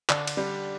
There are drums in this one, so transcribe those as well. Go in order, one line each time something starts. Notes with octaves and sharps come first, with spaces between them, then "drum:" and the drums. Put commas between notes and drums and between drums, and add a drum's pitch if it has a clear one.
D3 D4, drum: clap
drum: cymbal
G3